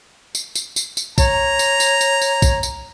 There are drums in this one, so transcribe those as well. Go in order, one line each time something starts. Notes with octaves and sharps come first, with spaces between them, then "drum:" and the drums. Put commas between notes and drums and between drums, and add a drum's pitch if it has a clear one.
drum: tambourine
drum: tambourine
drum: tambourine
drum: tambourine
C#5 A#5, drum: kick, tambourine
drum: tambourine
drum: tambourine
drum: tambourine
drum: tambourine
drum: kick, tambourine
drum: tambourine